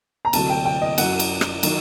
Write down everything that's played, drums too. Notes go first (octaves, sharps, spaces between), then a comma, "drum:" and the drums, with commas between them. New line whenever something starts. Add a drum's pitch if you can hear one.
A#5
D2 C3 F#3 A5, drum: cymbal
G5
G5
D#5
F#2 F#3 F#5, drum: cymbal
drum: cymbal
drum: rim click
D#3 F#3, drum: cymbal